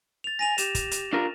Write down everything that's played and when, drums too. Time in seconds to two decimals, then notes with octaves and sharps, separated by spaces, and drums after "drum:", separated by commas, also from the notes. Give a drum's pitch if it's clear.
0.24 A6 F7
0.39 G#5 A#6 D#7 F7
0.58 G4 E7, drum: hi-hat
0.75 drum: kick, hi-hat
0.91 drum: hi-hat
1.13 D4 F4 A#4